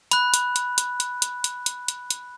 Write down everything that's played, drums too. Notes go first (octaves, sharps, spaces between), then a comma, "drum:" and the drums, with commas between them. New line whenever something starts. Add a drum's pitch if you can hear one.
B5 F#6, drum: hi-hat
drum: hi-hat
drum: hi-hat
drum: hi-hat
drum: hi-hat
drum: hi-hat
drum: hi-hat
drum: hi-hat
drum: hi-hat
drum: hi-hat